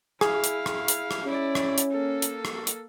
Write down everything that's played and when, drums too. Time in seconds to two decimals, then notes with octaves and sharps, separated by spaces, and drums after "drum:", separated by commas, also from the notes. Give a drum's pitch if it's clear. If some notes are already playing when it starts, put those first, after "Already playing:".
0.21 E4 G#4 F5, drum: rim click
0.44 drum: hi-hat
0.66 drum: rim click
0.88 drum: hi-hat
1.11 drum: rim click
1.26 C#4 E4 D5
1.55 drum: rim click
1.78 drum: hi-hat
1.92 A#3 A4
2.22 drum: hi-hat
2.45 drum: rim click
2.67 drum: hi-hat